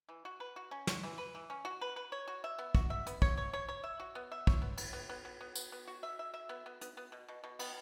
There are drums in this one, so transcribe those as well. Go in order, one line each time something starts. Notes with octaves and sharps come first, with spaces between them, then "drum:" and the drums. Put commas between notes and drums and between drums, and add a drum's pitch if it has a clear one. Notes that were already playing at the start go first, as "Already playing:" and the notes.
E3
F#4
B4
F#4
C#4
F#4, drum: snare
E3
B4
E3
C#4
F#4
B4
B4
C#5
F#4
E5
B3
F#4, drum: kick
E5
B3, drum: hi-hat
C#5, drum: kick
C#5
C#5
C#5
E5
F#4
B3
E5
C#5, drum: kick
B3
B3, drum: cymbal
B3
B3
B3
B3
B3, drum: tambourine
B3
F#4
E5
E5
E5
B3
B3
B3, drum: hi-hat
B3
B2
B2
B2
B3, drum: cymbal